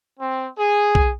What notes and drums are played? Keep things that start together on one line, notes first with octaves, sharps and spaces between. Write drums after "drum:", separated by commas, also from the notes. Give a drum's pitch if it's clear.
C4
G#4
drum: kick B1